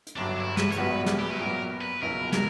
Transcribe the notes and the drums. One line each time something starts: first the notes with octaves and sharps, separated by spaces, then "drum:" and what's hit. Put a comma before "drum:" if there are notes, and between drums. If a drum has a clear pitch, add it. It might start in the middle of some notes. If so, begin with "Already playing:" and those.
drum: hi-hat
G1 G2 F#3 D4
E4
B4, drum: snare
C#5, drum: hi-hat
A#1 A#2 G3 B3 F#4 B4
drum: snare
G4
B4
A#2 F#3 B3 A#4
B4
C#2 B2 F#3 A#3 E4 A#4
A#4, drum: snare